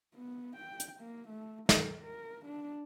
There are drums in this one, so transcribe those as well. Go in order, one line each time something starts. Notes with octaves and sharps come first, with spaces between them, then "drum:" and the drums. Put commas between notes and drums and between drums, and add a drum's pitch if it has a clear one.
B3
G5
drum: hi-hat
A#3
A3
A#4, drum: snare
A#4
D4